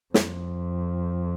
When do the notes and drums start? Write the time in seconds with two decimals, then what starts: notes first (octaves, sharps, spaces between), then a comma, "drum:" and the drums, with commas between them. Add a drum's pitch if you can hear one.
0.14 F2, drum: snare